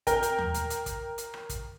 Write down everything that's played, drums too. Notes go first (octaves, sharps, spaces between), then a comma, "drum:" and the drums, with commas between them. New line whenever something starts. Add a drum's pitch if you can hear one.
A#4 G5, drum: kick, hi-hat
drum: hi-hat
drum: tom D#2
drum: hi-hat
drum: hi-hat
drum: kick, hi-hat
drum: hi-hat
drum: rim click
drum: kick, hi-hat